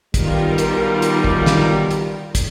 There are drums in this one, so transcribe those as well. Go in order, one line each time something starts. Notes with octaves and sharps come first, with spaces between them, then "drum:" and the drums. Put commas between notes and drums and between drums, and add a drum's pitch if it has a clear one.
B1 D#3 G3 F4 A#4, drum: kick, hi-hat
drum: hi-hat
drum: hi-hat
drum: kick
drum: snare
drum: hi-hat
drum: kick, hi-hat